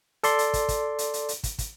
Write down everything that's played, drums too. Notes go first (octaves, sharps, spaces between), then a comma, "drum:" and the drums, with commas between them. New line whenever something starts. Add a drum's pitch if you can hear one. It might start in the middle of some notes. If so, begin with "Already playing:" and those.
A4 D5 C6, drum: hi-hat
drum: hi-hat
drum: kick, hi-hat
drum: kick, hi-hat
drum: hi-hat
drum: hi-hat
drum: hi-hat
drum: kick, hi-hat
drum: kick, hi-hat